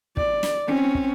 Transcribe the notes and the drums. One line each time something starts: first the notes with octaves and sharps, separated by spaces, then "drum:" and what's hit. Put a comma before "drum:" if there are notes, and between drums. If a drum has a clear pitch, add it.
D5, drum: kick
drum: snare
C4 C#4
drum: kick